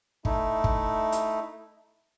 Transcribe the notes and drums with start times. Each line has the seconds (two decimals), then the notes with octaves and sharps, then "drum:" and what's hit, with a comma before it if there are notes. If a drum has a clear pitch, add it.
0.25 A3 D#4 E4, drum: kick
0.64 drum: kick
1.12 drum: hi-hat